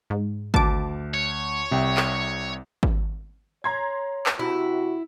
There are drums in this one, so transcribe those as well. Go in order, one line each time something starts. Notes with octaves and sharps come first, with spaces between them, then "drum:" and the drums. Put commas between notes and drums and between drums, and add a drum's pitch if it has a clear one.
G#2
D2 A5 D6, drum: kick G#1
C#5
C2 C3 E5 G5
drum: clap
drum: kick G#1
C#5 A#5 C6 G#6
drum: clap
C3 E4 F#4